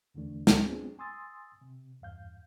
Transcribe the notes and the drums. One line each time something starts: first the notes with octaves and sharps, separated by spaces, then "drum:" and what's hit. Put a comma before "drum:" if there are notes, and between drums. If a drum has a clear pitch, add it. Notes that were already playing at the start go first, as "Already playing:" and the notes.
E2 D3 E3 A3 D4
drum: snare
B3 C4 D4 F4 G#4
G#5 C6 D#6 E6 A6
C3
E2 G2 F5 G6